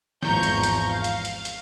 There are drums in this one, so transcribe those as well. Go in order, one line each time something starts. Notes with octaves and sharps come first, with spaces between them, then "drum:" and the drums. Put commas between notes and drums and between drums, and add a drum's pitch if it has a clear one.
G#1 E2 F3 A#5 C#6 G6, drum: snare
drum: hi-hat
drum: hi-hat
F5
drum: hi-hat
drum: hi-hat
drum: hi-hat